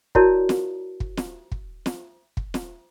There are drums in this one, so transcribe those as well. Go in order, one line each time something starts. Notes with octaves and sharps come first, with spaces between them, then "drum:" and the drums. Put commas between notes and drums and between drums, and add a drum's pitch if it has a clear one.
E4 F#4 A#4 C#5 D5 A5, drum: kick
drum: snare
drum: kick
drum: snare
drum: kick
drum: snare
drum: kick
drum: snare